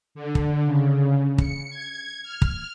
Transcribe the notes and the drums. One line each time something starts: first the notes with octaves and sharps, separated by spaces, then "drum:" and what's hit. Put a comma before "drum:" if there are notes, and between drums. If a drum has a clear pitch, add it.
D3
drum: kick
C#3
C#7, drum: kick
G#6
F6
drum: kick